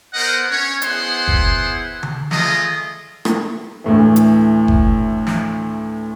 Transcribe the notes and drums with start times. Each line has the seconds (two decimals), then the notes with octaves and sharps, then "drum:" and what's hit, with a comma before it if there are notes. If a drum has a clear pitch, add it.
0.14 B3 A#4 C5 D#5 F#5
0.51 C#4 C#5
0.82 B3 E4 G#4 C5 F#5 C6, drum: hi-hat
1.28 drum: kick F#1
2.03 drum: tom D3
2.31 A3 F4 G#4 D#5, drum: snare
3.25 drum: rim click
3.84 D2 A2 E3
4.16 drum: hi-hat
4.68 drum: kick F#1
5.27 drum: snare